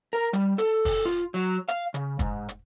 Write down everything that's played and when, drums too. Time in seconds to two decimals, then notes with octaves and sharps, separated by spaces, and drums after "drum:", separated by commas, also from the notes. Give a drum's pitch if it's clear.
0.13 A#4
0.33 G3, drum: hi-hat
0.58 A4, drum: hi-hat
0.85 drum: kick, open hi-hat
1.05 F4
1.34 F#3
1.68 F5, drum: hi-hat
1.94 C#3, drum: hi-hat
2.19 G#2, drum: kick, hi-hat
2.49 drum: hi-hat